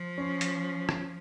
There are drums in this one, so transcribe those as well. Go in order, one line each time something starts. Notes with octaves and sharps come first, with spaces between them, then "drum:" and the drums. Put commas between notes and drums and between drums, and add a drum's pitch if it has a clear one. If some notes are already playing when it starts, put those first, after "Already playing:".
Already playing: F3
C#4
drum: hi-hat
drum: rim click